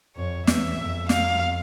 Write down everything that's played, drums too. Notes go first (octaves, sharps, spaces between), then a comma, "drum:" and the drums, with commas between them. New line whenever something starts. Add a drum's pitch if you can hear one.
F2 C#5
E2 E5, drum: snare
F2
F5, drum: snare